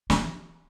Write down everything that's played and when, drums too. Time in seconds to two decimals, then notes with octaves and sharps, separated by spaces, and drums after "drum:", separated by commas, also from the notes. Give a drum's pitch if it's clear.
0.10 E3, drum: snare